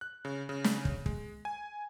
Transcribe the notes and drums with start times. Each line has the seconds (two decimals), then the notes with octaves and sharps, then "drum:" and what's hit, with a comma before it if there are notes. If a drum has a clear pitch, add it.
0.01 F#6
0.25 C#3
0.49 C#3
0.64 drum: snare
0.85 drum: kick
1.06 G#3, drum: kick
1.45 G#5